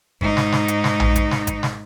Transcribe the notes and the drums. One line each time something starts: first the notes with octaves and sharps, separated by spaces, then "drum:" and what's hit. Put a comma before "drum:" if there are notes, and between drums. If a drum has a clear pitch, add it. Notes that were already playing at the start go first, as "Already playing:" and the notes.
G#2 D#4, drum: kick G#1
drum: snare
drum: snare
drum: hi-hat
drum: snare
drum: tom A#1
drum: kick G#1, hi-hat
drum: snare
drum: kick G#1, hi-hat
drum: snare